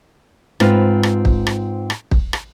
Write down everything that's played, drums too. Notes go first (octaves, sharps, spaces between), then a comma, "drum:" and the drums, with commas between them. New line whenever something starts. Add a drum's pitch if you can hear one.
G#2 C4 F4 B4 F5, drum: rim click
drum: rim click
drum: kick
drum: rim click
drum: rim click
drum: kick
drum: rim click